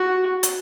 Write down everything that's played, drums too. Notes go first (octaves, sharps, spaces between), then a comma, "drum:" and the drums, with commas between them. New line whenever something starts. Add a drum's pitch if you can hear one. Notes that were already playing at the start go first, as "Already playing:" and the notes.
Already playing: F#4
drum: hi-hat